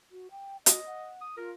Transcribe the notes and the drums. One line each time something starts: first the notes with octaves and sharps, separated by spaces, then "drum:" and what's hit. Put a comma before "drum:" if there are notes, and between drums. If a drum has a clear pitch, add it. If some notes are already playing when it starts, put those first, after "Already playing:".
F#4
G5
F#4 D#5, drum: hi-hat
F#5
D#6
F4 A#4